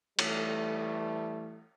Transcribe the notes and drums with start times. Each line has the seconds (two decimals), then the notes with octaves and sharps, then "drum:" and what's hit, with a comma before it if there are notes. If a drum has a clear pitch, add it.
0.19 E3 G3 A3, drum: cymbal